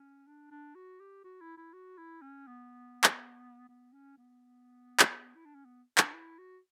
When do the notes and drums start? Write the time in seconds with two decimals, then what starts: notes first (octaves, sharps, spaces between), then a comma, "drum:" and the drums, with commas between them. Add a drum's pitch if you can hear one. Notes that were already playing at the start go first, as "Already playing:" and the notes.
Already playing: C#4
0.27 D4
0.51 D4
0.75 F#4
1.00 G4
1.24 F#4
1.41 E4
1.57 E4
1.73 F#4
1.98 E4
2.22 C#4
2.47 B3
3.04 drum: clap
3.69 B3
3.93 C#4
4.18 B3
5.00 drum: clap
5.35 E4
5.45 D4
5.55 C#4
5.65 B3
5.98 D4, drum: clap
6.13 E4
6.38 F#4